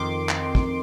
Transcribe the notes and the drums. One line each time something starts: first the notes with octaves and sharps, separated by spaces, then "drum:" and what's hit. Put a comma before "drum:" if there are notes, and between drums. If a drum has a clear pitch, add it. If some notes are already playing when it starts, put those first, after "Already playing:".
Already playing: F2 D#3 C6 D6
D#3, drum: clap
drum: kick